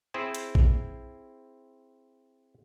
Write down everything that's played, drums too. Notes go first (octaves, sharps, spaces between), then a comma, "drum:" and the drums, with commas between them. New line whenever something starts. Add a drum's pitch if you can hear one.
C4 E4 G#4 C5
drum: hi-hat
drum: kick A1